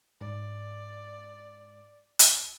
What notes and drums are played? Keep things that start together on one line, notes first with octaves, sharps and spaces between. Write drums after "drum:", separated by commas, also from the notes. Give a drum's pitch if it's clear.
G#2 D5
drum: hi-hat